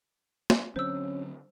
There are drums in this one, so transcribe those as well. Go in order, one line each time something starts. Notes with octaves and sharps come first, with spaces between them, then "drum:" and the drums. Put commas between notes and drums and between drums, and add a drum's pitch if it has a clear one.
drum: snare
D3 F#3 C4 C#4 C5 E6